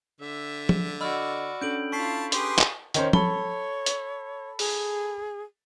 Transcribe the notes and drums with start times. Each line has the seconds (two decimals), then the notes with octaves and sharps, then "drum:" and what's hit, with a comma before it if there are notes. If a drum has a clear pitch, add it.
0.21 D3 E5
0.69 drum: tom F3
1.01 F#4 D5 D#5 B5 E6 F6
1.61 C#4 D4 A4 G6 D7 F#7
1.92 E4 F4 A5 C#6 B6 C7
2.32 G4 G#4 B4 C6 D#6, drum: hi-hat
2.59 drum: clap
2.94 D#3 C#4 C5, drum: hi-hat
3.13 A4 C#5 B5 G7, drum: tom F3
3.86 drum: hi-hat
4.59 G#4, drum: open hi-hat